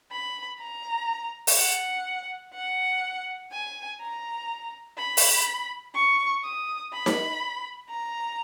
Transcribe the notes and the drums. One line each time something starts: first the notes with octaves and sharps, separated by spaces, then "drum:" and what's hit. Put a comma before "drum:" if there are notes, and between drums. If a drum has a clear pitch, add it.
B5
A#5
drum: open hi-hat
F#5
F#5
G#5
A#5
B5
drum: open hi-hat
C#6
D#6
B5
drum: snare D#4
A#5